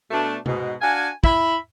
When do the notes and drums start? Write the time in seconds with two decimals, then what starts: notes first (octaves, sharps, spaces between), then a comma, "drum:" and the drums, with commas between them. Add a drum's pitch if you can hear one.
0.11 B2 A3 D4
0.46 G#2 B2, drum: tom C3
0.81 D4 F#4 F5 G#5
1.24 E4 E5 B5, drum: kick